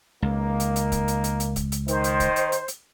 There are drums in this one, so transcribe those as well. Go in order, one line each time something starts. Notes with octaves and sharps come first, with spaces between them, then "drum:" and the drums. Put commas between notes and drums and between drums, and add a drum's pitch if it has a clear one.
C#2 D#3 A#3
drum: hi-hat
drum: hi-hat
drum: kick C#1, hi-hat
drum: hi-hat
drum: hi-hat
drum: hi-hat
drum: kick C#1, hi-hat
drum: hi-hat
D#3 C5, drum: hi-hat
drum: hi-hat
drum: kick C#1, hi-hat
drum: hi-hat
drum: hi-hat
drum: hi-hat